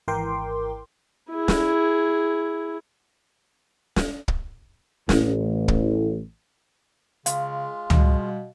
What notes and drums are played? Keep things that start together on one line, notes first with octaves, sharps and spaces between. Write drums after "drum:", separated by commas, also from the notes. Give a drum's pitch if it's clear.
G#1 E3 A#4 G5 C6 D6
E4 G#4
drum: snare
drum: snare
drum: kick
A1, drum: snare
drum: kick
C#3 G#3 F4 F5, drum: hi-hat
B2 G3, drum: tom C#2